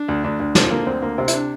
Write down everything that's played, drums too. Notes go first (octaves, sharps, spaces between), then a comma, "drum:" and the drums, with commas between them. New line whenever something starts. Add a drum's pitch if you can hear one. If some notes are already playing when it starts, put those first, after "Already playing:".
Already playing: D4
D2
D2
D2
F3 C4, drum: snare
D3 A#3
D2 C4
D2 A#3
C3 C4
E4, drum: hi-hat
D4